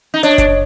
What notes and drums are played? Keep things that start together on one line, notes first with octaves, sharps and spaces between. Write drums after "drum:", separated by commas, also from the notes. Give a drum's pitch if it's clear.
D#4
D4 C#5 D#5, drum: hi-hat
drum: kick F#1, hi-hat